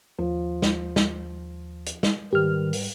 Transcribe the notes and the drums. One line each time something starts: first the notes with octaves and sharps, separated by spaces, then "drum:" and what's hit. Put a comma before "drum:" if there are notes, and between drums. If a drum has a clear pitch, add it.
D#2 F3
drum: snare
drum: snare
drum: hi-hat
drum: snare
G#2 D#3 G3 G4 B4 F6
drum: open hi-hat